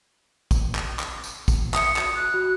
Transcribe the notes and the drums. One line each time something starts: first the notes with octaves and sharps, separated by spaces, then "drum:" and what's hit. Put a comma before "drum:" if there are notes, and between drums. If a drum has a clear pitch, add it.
drum: kick, tambourine
drum: clap
drum: clap
drum: tambourine
drum: kick, tambourine
E5 D#6 C#7, drum: clap
F#4, drum: clap
F#6
F#4